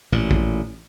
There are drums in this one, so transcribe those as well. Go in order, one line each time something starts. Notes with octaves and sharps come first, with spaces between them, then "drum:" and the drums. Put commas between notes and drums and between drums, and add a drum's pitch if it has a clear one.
A1 A#2
drum: kick